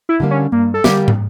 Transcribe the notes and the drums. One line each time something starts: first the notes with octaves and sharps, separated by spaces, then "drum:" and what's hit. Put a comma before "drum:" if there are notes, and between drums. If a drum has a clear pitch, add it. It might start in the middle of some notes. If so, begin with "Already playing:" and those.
E4
D3 G3 A#3
C#4
G2 A#3
A4
D3 G3 A#3 G4, drum: snare
drum: tom